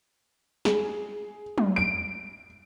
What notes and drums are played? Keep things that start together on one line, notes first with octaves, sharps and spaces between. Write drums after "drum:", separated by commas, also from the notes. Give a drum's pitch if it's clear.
G#4, drum: snare
drum: tom F#3
D7